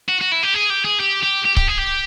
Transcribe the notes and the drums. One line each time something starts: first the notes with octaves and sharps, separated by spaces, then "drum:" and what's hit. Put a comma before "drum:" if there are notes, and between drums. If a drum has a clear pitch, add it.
F#4
F#4
E4
G4
G#4
G4
G#4
G4
G4
G4
G4, drum: kick C#1
G#4
G4